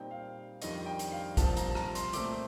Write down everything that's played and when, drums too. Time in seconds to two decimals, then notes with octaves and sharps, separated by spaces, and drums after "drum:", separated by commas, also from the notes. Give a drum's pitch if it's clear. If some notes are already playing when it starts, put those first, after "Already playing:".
Already playing: A#2 G3 C4 D#4 G5
0.11 F5
0.62 F2 D#3 G3 D4 F4 D#5, drum: hi-hat
0.86 G5
0.99 drum: hi-hat
1.11 F5
1.37 C2 A#2 F3 C4 A5, drum: kick, hi-hat
1.57 A#5, drum: hi-hat
1.69 A5
1.75 A#5, drum: rim click
1.95 C6, drum: hi-hat
2.13 A#2 A3 C4 D6, drum: hi-hat